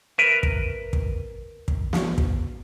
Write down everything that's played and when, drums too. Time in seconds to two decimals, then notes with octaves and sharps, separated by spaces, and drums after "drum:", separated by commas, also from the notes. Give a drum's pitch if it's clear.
0.18 A#4 B4 E5
0.43 drum: kick
0.93 drum: kick
1.68 drum: kick
1.93 drum: snare
2.18 drum: kick